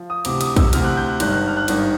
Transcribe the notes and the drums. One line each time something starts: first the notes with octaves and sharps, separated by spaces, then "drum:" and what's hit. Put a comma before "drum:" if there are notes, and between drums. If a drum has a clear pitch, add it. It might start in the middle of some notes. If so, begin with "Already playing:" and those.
Already playing: F3
D#6
D2 C3 E3 D6, drum: cymbal
D#6, drum: cymbal
E6, drum: kick, cymbal
D2 C3 E3 F6, drum: cymbal
F#6
G6
F#6
G#1 G2 D#3 F#6, drum: cymbal
F#6
F6
F#6
G#1 G2 D#3, drum: cymbal